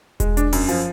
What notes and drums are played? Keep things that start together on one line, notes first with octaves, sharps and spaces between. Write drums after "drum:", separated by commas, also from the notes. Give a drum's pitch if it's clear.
G#3, drum: kick E1, hi-hat
D4, drum: hi-hat
F#2, drum: open hi-hat
F3, drum: hi-hat